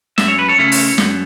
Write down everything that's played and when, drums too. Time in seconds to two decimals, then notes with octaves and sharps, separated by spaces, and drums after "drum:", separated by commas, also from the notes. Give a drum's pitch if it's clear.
0.18 F#2 E5, drum: snare
0.28 C#5
0.39 B4
0.48 A4 C#5
0.59 C#3 A3 C#4 E4
0.72 drum: open hi-hat
0.98 F#2, drum: snare